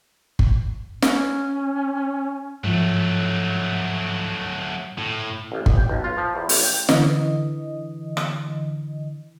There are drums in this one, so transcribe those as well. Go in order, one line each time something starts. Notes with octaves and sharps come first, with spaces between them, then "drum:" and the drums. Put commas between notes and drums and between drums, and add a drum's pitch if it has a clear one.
drum: kick G1
C#4, drum: snare
G#2 F3 F#3 A3
A2
A1
G1, drum: kick G1
G5
B1
F4
F3
E2
A1, drum: open hi-hat
G5
D3 E3 D#5, drum: snare
drum: rim click